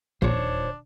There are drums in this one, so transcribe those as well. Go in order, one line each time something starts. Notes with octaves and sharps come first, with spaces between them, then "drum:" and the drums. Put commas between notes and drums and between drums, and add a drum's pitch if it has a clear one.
D#1 A#1 E2 D4 C5 C#5, drum: kick